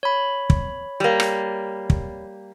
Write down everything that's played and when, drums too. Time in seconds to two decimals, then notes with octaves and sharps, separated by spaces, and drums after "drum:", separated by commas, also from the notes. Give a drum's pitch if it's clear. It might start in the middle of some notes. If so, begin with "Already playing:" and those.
0.03 C#5 B5
0.50 drum: kick
1.00 G3 A#3
1.20 drum: rim click
1.90 drum: kick